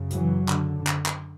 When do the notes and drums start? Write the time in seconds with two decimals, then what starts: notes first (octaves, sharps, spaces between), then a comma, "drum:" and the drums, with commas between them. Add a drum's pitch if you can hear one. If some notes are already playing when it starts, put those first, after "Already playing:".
Already playing: F#2 C#3
0.10 E3 F#3, drum: hi-hat
0.49 D3, drum: clap
0.87 drum: clap
1.06 drum: clap